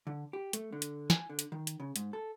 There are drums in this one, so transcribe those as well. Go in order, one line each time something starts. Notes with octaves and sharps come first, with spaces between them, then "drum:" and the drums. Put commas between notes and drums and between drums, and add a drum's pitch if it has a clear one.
D3
G4
A3, drum: hi-hat
D3
drum: hi-hat
G#5, drum: snare
D3
drum: hi-hat
D#3
drum: hi-hat
C#3
G#2, drum: hi-hat
A4